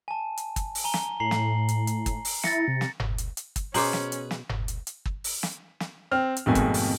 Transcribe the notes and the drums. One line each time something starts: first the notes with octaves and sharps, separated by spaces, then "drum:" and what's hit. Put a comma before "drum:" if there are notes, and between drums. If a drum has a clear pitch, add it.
G#5 A5
drum: hi-hat
drum: kick, hi-hat
drum: open hi-hat
G#5 A#5 G7
drum: snare
A2 A#5 C7 F#7
drum: snare
drum: hi-hat
drum: hi-hat
drum: kick, hi-hat
drum: open hi-hat
E4 A6 A#6 C#7, drum: snare
C3
drum: snare
drum: tom F#1
drum: hi-hat
drum: hi-hat
drum: kick, hi-hat
B2 C#4 G#4 B4 C5 A#5 C6 D6, drum: open hi-hat
drum: snare
drum: hi-hat
drum: snare
drum: tom F#1
drum: hi-hat
drum: hi-hat
drum: kick
drum: open hi-hat
drum: snare
drum: snare
C4 F6
drum: hi-hat
G#1 F2 B2 G#3 A3 G#5
drum: kick, hi-hat
drum: open hi-hat